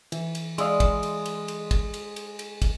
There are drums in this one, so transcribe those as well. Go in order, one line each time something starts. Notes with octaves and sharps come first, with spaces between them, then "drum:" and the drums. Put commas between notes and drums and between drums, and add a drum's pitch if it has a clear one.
E3, drum: cymbal
drum: cymbal
G#3 E4 D5 F5 C6 D#6, drum: cymbal
drum: kick, cymbal
drum: cymbal
drum: cymbal
drum: cymbal
drum: kick, cymbal
drum: cymbal
drum: cymbal
drum: cymbal
drum: kick, cymbal